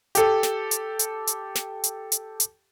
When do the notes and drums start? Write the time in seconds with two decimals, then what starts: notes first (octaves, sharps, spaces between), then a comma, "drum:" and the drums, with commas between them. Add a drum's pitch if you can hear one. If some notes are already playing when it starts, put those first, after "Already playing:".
0.15 G4 A4, drum: hi-hat
0.43 drum: snare
0.71 drum: hi-hat
0.99 drum: hi-hat
1.27 drum: hi-hat
1.55 drum: snare
1.84 drum: hi-hat
2.12 drum: hi-hat
2.40 drum: hi-hat